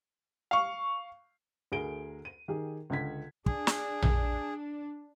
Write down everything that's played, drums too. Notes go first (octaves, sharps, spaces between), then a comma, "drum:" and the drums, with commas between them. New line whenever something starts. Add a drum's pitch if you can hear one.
F5 C#6
D2 G#4 A#4 D7 G7
D#7
D#3 G4 G#4
C#2 D3 G#6 B6
D4 G#4, drum: kick
drum: snare
drum: tom A#1